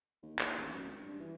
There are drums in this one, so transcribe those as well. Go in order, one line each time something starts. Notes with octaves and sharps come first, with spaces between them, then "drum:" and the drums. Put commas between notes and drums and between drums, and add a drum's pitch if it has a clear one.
D#2
drum: clap
A1
F#2
G#1
G2
E3